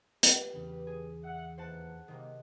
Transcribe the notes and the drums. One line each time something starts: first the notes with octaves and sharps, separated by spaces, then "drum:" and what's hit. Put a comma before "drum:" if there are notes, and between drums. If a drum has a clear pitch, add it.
G4 B4, drum: hi-hat
E2 C#3
G#4
E5 F#5
D#2 E3 C5 F#5 A5
C3 D#3 A#3